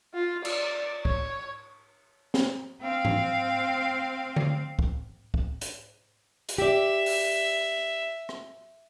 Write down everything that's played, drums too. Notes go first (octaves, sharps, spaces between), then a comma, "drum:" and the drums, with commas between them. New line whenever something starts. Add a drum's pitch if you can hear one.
F4
D5, drum: cymbal
C#5, drum: kick
drum: snare
C4 F5
drum: tom G#2
drum: tom D3
drum: kick
drum: kick
drum: hi-hat
drum: hi-hat
G4 D5 E5
drum: open hi-hat
drum: rim click